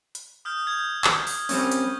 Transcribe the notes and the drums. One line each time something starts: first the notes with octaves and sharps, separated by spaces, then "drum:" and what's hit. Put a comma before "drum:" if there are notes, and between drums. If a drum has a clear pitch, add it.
drum: hi-hat
D#6 F6 G6
G#6
drum: clap
drum: open hi-hat
G3 C4 C#4 C#6, drum: open hi-hat
drum: hi-hat